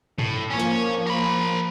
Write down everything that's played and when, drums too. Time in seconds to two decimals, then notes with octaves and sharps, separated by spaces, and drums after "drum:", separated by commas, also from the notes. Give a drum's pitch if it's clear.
0.18 A2, drum: tom
0.50 F3 A#3 C#4 C#5
0.60 drum: hi-hat
1.07 A#4 B5